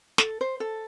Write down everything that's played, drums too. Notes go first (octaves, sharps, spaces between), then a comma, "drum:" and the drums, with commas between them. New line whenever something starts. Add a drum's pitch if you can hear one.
A4, drum: snare
C5
A4